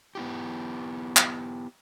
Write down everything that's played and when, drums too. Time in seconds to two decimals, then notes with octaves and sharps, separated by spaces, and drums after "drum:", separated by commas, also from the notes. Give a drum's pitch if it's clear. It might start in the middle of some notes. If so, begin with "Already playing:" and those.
0.15 B3 E4 G4
1.16 drum: clap